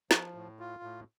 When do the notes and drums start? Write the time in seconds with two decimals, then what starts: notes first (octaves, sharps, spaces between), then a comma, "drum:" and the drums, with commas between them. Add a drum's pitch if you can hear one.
0.11 F3, drum: snare
0.35 A2
0.59 F4
0.83 A2